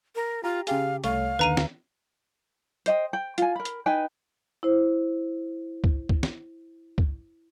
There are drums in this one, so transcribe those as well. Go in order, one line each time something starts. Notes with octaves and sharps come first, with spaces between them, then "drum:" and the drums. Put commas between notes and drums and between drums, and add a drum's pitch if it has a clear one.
A#4
F4 G4 A#5
C#3 G4 G#4 F5, drum: hi-hat
C2 A3 C#5 F5, drum: hi-hat
D#2 D3 D#3 B4 A#5 D#7
drum: snare
C5 D#5 G5, drum: hi-hat
G5
F4 G#5, drum: hi-hat
A#4 B5
drum: hi-hat
D#4 B4 G5 G#5
E4 C5
drum: kick
drum: kick
drum: snare
drum: kick